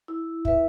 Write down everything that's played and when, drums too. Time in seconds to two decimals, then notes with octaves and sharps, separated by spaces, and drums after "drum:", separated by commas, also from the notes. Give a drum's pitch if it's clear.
0.08 E4
0.45 B4 E5, drum: kick